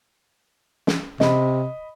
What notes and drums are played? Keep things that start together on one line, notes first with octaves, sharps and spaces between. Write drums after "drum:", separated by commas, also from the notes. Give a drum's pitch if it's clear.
drum: snare
C3 D#5 B5, drum: snare